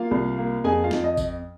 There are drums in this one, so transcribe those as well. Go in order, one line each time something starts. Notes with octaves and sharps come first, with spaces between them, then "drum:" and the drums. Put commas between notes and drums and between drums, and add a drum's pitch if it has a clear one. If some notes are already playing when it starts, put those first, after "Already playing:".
Already playing: A#3 F4 F5
C2
A#3
F2 G#4 G#5
F4 F5
F2, drum: snare
D#5
drum: kick A1, tambourine